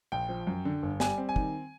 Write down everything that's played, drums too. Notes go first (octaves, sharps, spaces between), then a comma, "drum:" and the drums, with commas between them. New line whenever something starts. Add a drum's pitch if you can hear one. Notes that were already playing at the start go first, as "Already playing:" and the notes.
A#1 G5
F3
F#2
D3
G1
G3 G#5, drum: snare
C4
G#5
D#3, drum: kick